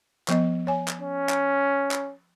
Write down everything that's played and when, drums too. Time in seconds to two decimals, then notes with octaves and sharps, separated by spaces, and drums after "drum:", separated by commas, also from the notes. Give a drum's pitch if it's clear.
0.28 F3 B3 D#5, drum: clap
0.67 C#5 G#5
0.88 drum: clap
1.01 C#4
1.29 drum: clap
1.91 drum: clap